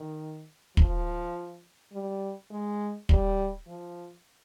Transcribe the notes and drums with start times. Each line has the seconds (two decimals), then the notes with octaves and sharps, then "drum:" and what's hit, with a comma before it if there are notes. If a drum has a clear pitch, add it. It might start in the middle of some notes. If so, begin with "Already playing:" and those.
Already playing: D#3
0.77 F3, drum: kick
1.92 G3
2.51 G#3
3.09 G3, drum: kick
3.67 F3